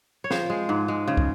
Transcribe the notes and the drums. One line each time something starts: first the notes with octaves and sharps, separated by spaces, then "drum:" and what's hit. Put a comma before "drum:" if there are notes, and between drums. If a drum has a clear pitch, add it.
C#5
F3 C5, drum: snare
G#3
G#2
G#3
C#3
drum: kick